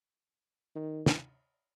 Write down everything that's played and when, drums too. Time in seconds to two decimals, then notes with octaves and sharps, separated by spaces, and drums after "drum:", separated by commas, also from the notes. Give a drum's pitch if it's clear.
0.76 D#3
1.06 drum: snare